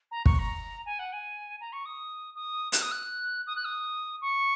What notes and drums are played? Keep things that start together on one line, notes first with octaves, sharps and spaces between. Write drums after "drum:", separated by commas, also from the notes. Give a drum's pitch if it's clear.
A#5
C#6, drum: kick
A#5
G#5
F#5
G#5
A#5
C#6
D#6
D#6
F#6, drum: hi-hat
D#6
F#6
D#6
F#6
D#6
C#6